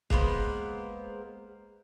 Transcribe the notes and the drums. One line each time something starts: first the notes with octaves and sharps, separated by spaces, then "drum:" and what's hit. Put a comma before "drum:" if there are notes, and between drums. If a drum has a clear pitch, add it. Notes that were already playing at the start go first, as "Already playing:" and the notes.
G#3 A#3 B3 C5, drum: kick